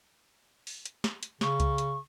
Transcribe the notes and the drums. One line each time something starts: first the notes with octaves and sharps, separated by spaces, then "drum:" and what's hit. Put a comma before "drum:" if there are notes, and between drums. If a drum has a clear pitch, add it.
drum: open hi-hat
drum: hi-hat
drum: snare
drum: hi-hat
C#3 C#6, drum: snare
drum: kick C2, hi-hat
drum: hi-hat